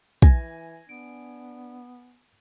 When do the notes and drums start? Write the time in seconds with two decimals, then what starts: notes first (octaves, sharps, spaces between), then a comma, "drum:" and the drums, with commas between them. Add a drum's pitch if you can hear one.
0.22 E3 G#5 G#6 A#6, drum: kick
0.89 B3 D4 D7